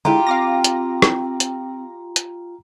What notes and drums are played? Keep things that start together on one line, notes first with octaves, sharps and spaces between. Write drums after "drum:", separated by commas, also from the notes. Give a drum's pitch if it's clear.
D3 G#3 E4 F4 G4 A#5
C4 F5 D6 A#6
drum: hi-hat
drum: rim click
drum: hi-hat
drum: hi-hat